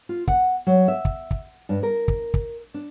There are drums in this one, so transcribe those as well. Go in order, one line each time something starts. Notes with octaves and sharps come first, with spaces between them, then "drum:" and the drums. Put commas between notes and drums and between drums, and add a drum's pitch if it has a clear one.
F4
F#5, drum: kick
F#3
E5
drum: kick
drum: kick
G2
A#4
drum: kick
drum: kick
D4